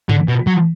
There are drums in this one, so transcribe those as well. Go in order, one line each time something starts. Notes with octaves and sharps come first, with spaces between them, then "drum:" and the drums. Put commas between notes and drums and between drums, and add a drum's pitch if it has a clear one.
D3, drum: tom G2
B2
F#3